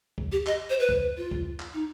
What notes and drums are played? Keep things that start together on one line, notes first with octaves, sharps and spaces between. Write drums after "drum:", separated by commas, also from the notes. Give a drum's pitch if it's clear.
drum: kick
G4
D#5, drum: clap
C5
B4
drum: kick
F4
drum: kick
drum: clap
D#4